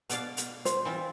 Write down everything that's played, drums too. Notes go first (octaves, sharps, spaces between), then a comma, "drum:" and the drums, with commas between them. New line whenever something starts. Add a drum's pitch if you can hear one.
B2 D5 F5, drum: hi-hat
drum: hi-hat
C5, drum: hi-hat
E3 C4 F4